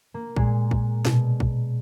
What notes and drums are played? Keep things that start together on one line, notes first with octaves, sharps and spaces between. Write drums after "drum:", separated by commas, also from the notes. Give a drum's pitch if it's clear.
A#3
A#2 G#3, drum: kick
drum: kick
B2, drum: snare
drum: kick